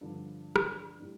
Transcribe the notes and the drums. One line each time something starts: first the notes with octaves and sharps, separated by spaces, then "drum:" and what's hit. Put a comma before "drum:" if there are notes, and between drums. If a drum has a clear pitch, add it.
G2 D3 F3 D4
drum: rim click
A2 G3 D4